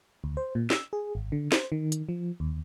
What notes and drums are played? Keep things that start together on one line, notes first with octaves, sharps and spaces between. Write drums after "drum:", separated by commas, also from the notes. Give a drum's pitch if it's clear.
D2
C5
A#2
E6, drum: snare
G#4
G#1
D3
C5, drum: snare
D#3
drum: hi-hat
F3
D#2